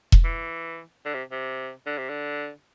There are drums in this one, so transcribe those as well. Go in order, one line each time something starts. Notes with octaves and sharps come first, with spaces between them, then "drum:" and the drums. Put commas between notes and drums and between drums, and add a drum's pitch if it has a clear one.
drum: kick E1
E3
D3
C3
C3
D3
C3
D3